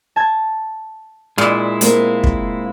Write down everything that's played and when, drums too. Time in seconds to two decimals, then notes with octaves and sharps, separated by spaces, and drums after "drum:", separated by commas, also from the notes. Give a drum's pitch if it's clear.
0.16 A5 G#6
1.38 A#2 G#3 E4
1.81 A#3 C4, drum: hi-hat
2.24 drum: kick